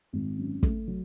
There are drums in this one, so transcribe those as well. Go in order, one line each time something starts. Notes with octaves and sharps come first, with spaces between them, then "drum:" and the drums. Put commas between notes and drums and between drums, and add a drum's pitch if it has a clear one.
G#1
F#2
A3, drum: kick
F#3